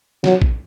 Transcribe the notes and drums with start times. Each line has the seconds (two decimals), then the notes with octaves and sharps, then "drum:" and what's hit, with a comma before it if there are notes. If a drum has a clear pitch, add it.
0.24 F#3, drum: snare
0.42 drum: kick A#1